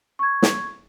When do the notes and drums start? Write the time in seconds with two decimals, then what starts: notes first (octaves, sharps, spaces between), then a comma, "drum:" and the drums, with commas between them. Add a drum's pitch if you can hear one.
0.19 C#6 G#6
0.42 drum: snare